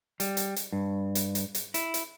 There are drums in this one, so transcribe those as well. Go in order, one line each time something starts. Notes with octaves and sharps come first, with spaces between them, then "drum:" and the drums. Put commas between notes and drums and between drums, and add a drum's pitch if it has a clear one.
G3, drum: hi-hat
drum: hi-hat
drum: hi-hat
G2
drum: hi-hat
drum: hi-hat
drum: hi-hat
E4, drum: hi-hat
drum: hi-hat